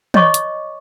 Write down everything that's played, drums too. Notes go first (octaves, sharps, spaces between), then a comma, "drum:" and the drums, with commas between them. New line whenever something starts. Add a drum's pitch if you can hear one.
C#5 D#5 C#6 D6, drum: tom
drum: hi-hat